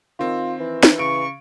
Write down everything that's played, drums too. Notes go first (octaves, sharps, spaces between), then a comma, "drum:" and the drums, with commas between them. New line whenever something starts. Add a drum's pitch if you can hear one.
D#3 C4 F4
E3
drum: snare
C#3 C#6 D7